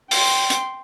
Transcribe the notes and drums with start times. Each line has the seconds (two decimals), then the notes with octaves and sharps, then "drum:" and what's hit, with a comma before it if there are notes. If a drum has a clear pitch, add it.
0.11 G5 C6, drum: open hi-hat
0.50 drum: hi-hat